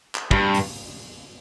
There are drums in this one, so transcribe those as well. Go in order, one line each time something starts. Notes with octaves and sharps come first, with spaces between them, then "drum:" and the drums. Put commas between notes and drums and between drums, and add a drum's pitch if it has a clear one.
drum: clap
G2, drum: kick
drum: open hi-hat